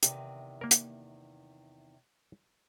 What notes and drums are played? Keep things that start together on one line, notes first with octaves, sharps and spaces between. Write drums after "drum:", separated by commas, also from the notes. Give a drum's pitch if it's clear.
E2 C3 D#3, drum: hi-hat
A#3 A#4
drum: hi-hat